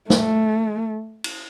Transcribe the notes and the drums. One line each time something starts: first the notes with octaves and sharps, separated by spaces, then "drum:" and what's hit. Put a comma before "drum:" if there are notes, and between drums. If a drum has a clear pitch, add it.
A3, drum: snare
drum: cymbal